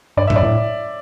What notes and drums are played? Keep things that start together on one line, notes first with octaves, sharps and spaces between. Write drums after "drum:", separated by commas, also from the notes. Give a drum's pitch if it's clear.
G2 D5
E5
G2, drum: tom A2
D5
A2